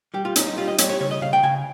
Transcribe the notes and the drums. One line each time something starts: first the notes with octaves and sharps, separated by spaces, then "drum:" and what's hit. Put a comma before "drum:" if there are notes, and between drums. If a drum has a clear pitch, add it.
G3 G4
F4
C#4 D#4, drum: hi-hat
D#4
G3 F4
D#5
G3 C#5, drum: hi-hat
C#5
C#3 C#5
D#5
C#3 F5
G5
C#3 G#5